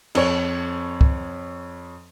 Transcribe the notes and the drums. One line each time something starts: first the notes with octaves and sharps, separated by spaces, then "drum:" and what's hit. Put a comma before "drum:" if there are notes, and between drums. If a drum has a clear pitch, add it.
F2 C#5, drum: cymbal
drum: kick